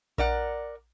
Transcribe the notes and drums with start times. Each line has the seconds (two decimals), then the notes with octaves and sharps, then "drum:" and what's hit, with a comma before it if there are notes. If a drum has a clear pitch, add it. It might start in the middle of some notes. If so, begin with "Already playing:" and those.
0.18 A#4 D5 F#5, drum: kick A#1